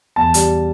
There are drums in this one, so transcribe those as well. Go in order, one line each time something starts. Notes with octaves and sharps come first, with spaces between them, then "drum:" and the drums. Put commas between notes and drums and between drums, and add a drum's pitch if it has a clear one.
E2 A5
G3, drum: hi-hat